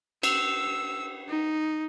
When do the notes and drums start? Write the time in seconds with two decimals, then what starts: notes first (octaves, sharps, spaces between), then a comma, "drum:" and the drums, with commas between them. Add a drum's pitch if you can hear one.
0.23 E6, drum: cymbal
1.29 D#4